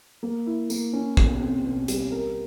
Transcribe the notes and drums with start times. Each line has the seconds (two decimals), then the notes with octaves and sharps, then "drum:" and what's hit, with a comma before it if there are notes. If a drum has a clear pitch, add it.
0.23 A#3
0.46 E4
0.70 A#3, drum: tambourine
0.93 C#4
1.17 B2, drum: kick
1.41 C4
1.64 B2
1.88 G3, drum: hi-hat
2.12 A#4